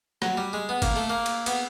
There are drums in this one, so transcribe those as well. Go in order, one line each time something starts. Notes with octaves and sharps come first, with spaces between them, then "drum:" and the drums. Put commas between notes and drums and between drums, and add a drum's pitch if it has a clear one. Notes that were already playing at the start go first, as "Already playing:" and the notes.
F#3, drum: rim click
G3
G#3
B3
A#3, drum: kick G1, cymbal
A3
A#3
drum: cymbal
B3, drum: cymbal